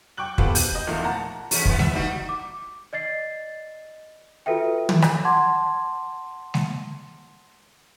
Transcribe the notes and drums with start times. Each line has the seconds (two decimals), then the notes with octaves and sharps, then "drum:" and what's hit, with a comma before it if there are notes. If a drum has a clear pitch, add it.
0.17 G5 C#6 D6 F#6 F#7
0.38 B3 F4 G4 A4 B4 C5, drum: kick
0.55 G6 F#7, drum: open hi-hat
0.75 D#5
0.87 E2 A#2 D#3 F3 A3 A#3
1.04 F#5 A5 A#5
1.51 E2 A3 C#4, drum: open hi-hat
1.65 E3 B3, drum: kick
1.79 B4 E5, drum: snare G#3
1.93 G3 D#4 F#4
2.29 D6
2.93 D5 D#5 A6 C7
4.46 F4 F#4 A4 B4 E5 G5
4.89 drum: tom
5.02 drum: rim click
5.25 F#5 A5 C6 D6 G#6
6.54 drum: snare G#3